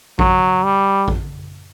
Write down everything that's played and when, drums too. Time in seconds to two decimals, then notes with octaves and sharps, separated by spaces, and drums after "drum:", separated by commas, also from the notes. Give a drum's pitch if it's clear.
0.19 F#3, drum: kick A1
0.64 G3
1.08 drum: kick A1